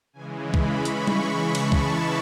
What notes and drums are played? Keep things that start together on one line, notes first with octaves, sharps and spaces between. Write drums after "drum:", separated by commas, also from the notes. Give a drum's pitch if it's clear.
C#3 E3 G#3 G#5
B5
drum: kick
C#6
drum: hi-hat
B5, drum: tom G3
A5, drum: cymbal
drum: kick